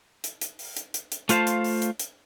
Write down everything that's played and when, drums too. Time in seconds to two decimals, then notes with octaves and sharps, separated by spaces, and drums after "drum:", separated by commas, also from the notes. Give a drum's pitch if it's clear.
0.24 drum: hi-hat
0.41 drum: hi-hat
0.59 drum: open hi-hat
0.77 drum: hi-hat
0.94 drum: hi-hat
1.12 drum: hi-hat
1.29 A3 F4 C5 F5 A5, drum: hi-hat
1.47 drum: hi-hat
1.64 drum: open hi-hat
1.82 drum: hi-hat
1.99 drum: hi-hat